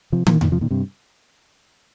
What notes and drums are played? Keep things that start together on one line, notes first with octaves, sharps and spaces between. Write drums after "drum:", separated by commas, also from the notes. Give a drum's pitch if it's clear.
C3 F3
A#2 D#3, drum: tom
A#2 D#3, drum: tom E2
C3 F3
A#2 D#3
G2 C3